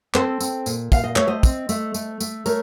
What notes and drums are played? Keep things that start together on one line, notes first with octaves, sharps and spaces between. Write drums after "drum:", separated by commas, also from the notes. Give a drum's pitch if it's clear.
C4 A4 C5, drum: clap
C4, drum: tambourine
A#2, drum: tambourine
A#2 F5, drum: kick, tambourine
D#5
A3 C#5, drum: clap
C5 D#5
C4, drum: kick, tambourine
A3, drum: tambourine
A3, drum: tambourine
A3, drum: tambourine
A3 A#4 C#5, drum: tambourine